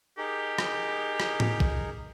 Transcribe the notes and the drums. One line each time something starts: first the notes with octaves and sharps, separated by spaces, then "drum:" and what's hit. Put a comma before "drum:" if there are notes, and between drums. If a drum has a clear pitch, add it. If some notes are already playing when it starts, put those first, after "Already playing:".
D#4 G4 G#4 A#4
drum: rim click
drum: rim click
drum: tom A2
drum: kick